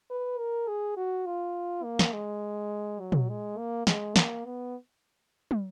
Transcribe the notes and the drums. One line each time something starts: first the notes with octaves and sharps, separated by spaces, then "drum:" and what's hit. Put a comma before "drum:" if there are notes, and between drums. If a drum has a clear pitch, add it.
B4
A#4
G#4
F#4
F4
A#3
drum: snare
G#3
F#3
drum: tom
G#3
A#3
G#3, drum: snare
A#3, drum: snare
B3
drum: tom